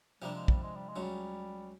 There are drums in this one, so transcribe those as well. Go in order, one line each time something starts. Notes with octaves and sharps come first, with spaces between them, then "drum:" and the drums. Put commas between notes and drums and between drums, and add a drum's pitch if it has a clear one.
C3 F3 G3 A#3 D4
G#3
G3, drum: kick
G#3
G3
G#3
C#2 C#3 F#3
G3